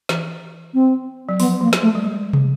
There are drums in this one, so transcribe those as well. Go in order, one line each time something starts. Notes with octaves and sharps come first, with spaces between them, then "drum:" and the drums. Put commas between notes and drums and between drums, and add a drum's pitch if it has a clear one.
E3, drum: snare
C4
F#3
F3 B3, drum: open hi-hat
F3 A#3
drum: snare
A3
G3
G#3
drum: tom